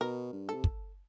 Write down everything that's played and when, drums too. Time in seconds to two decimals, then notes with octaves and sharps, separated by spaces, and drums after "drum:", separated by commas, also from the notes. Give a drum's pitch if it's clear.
0.01 B2 A#4
0.33 G2
0.49 A4
0.54 C3
0.64 drum: kick